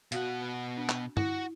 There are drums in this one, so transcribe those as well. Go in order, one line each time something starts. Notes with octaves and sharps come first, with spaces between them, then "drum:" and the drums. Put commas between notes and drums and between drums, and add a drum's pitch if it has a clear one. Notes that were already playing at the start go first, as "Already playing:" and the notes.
B2 F#4 F5 F#5, drum: hi-hat
D4
drum: clap
E4 F#4, drum: tom